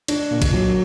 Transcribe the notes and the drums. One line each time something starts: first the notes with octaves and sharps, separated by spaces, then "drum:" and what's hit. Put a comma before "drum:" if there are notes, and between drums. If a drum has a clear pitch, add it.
D4, drum: cymbal
A#2
drum: kick, cymbal
F#3